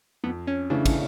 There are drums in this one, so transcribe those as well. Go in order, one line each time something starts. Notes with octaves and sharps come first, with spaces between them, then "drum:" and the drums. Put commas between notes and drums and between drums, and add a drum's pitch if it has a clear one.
F2 B3
C#4
C#3 E3 A3 D4
drum: kick, cymbal